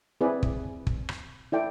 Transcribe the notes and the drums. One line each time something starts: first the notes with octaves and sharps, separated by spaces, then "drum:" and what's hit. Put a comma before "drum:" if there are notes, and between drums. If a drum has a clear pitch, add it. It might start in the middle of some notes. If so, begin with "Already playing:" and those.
C4 E4 G#4 B4 D5
drum: kick
drum: kick
drum: rim click
E4 A4 D5 G5